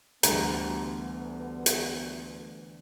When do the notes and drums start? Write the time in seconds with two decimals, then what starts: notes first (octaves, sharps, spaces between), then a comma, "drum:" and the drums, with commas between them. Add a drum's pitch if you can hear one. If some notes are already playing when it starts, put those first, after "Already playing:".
0.23 D2 D3 E3 G3 B3 A#5, drum: hi-hat
1.66 drum: hi-hat